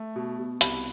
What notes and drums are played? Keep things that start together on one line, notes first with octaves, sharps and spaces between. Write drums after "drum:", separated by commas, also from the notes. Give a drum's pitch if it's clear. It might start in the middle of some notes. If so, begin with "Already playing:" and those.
Already playing: A3
B2
B2
C2 B5, drum: hi-hat